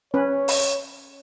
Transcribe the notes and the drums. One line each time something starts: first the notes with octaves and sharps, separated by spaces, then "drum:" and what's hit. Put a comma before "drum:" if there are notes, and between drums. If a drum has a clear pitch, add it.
C#4 B4 C#5
drum: open hi-hat